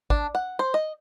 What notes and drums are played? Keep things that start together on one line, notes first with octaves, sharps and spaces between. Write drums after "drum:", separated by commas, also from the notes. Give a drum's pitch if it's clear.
D4, drum: kick G#1
F#5
C5
D#5